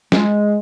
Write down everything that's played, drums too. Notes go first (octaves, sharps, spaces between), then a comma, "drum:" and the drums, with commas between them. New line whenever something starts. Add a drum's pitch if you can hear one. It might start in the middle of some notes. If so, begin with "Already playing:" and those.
G#3, drum: snare